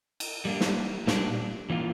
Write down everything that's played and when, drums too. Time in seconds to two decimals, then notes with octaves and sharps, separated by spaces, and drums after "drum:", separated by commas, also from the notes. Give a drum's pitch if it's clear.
0.20 drum: cymbal
0.45 G3 A#3 D4
0.61 drum: snare
1.07 A#2 G3 A#3 D4, drum: snare
1.70 E3 A#3 F4